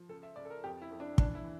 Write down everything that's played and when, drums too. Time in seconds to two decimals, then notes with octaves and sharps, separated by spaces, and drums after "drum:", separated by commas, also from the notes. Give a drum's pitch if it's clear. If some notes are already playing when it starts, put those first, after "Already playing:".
Already playing: F3
0.09 C#2 A4
0.23 E5
0.36 C#2 D5
0.45 A4
0.50 A#4
0.64 F2 G4
0.82 E4
0.91 F2
1.00 D4
1.18 E3 D4, drum: kick
1.35 E4
1.44 E3